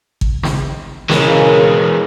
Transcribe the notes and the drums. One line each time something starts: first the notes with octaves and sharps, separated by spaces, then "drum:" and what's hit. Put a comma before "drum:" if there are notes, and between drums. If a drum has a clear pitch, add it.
drum: kick
drum: snare
C#3 E3 G#3 A#4, drum: snare